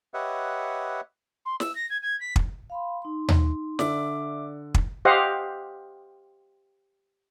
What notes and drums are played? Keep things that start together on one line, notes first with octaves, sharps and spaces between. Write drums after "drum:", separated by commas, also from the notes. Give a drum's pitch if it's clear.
G4 B4 C#5 D#5 E5 F#5
C6
E6, drum: snare
A#6
G#6
G#6
B6
drum: kick
F5 B5 C6
D#4 C6
drum: tom D#2
D3 D5 E5 D6, drum: snare
drum: kick
G4 C5 D#5 F5 F#5